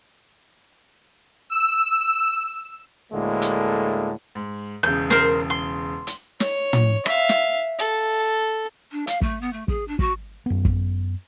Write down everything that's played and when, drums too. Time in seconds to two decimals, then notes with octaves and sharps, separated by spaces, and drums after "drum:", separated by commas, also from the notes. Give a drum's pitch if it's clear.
1.50 E6
3.13 D2 A2 D3 G#3 A#3
3.42 drum: hi-hat
4.35 G#2
4.83 E1 C#3 G6
5.10 A#4 C5, drum: snare
5.50 C6
6.07 drum: hi-hat
6.40 C#5, drum: snare
6.73 drum: tom
7.06 E5 F5, drum: rim click
7.29 drum: snare
7.79 A4
8.92 D4
9.07 F5, drum: hi-hat
9.21 A3, drum: kick
9.41 B3
9.52 A3
9.68 G#4, drum: kick
9.87 D4
9.99 F#4, drum: kick
10.46 F#2 B3
10.65 drum: kick